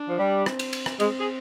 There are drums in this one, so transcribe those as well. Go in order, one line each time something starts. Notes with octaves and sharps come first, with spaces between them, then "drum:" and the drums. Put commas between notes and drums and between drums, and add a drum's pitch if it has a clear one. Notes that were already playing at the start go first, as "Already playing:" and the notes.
Already playing: D4
F3
G3
C4, drum: rim click
drum: cymbal
drum: cymbal
drum: rim click
G#3 C4, drum: cymbal
G#4